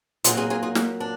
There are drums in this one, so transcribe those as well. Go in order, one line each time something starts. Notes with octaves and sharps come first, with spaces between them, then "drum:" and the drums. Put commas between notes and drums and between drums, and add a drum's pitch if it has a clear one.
A#2 F#3 A#3 F4 G#4, drum: hi-hat
F4 G#4
F4 G#4
F4 G#4
drum: snare
D4